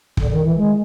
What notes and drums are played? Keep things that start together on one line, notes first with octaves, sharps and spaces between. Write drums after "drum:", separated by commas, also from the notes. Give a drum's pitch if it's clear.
D3, drum: kick
D#3
E3
G#3